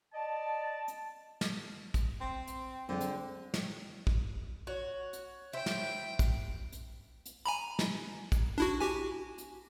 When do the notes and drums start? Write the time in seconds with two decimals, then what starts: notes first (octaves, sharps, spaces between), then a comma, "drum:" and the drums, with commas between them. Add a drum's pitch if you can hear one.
0.13 D5 D#5 A5
0.88 drum: hi-hat
1.41 drum: snare
1.94 drum: kick, hi-hat
2.21 C4
2.47 drum: hi-hat
2.89 D3 G#3 C4
3.01 drum: hi-hat
3.54 drum: snare
4.07 drum: kick
4.67 F#4 C#5
5.13 drum: hi-hat
5.53 E4 C5 G5
5.66 drum: snare
6.19 drum: kick, hi-hat
6.72 drum: hi-hat
7.26 drum: hi-hat
7.46 G#5 A#5 B5
7.79 drum: snare
8.32 drum: kick, hi-hat
8.58 D4 E4 F#4
8.81 F#4 G4 G#5
9.38 drum: hi-hat